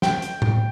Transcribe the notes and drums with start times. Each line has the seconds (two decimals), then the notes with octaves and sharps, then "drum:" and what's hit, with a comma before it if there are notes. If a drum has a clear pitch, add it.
0.02 G5, drum: snare
0.22 drum: hi-hat
0.42 drum: tom A2